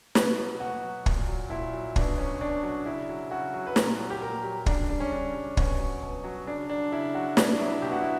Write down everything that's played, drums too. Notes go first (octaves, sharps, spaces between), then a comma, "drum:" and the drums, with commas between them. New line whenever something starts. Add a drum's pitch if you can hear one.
B2 B4, drum: snare
F#3
B2 F#4
F#3
A#2, drum: kick
F#3
A#2 E4
F#3
B2 D4, drum: kick
F#3 C#4
B2 D4
F#3
C#3 E4
F#3
C#3 F#4
F#3
B4
A#2 A#4, drum: snare
F#3
G4
A#2 A#4
F#3 G4
C#3 D4, drum: kick
G3 D4
C#4
C#3 D4
G3
B2 C#4, drum: kick
F#3
B2
F#3
C#3 D4
F#3 D4
C#3 E4
F#3 F#4
B2 D4, drum: snare
D4
F#3 E4
B2 G4
F#4
E4